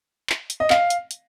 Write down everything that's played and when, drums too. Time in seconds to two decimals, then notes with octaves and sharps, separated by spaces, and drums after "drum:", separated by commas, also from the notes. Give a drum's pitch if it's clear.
0.30 drum: clap
0.50 drum: hi-hat
0.60 D#5
0.70 F5, drum: clap
0.90 drum: hi-hat
1.11 drum: hi-hat